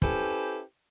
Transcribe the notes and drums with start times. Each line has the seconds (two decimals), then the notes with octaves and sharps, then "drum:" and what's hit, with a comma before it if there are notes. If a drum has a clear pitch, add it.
0.02 C#4 E4 G4 A4 B4 C5, drum: kick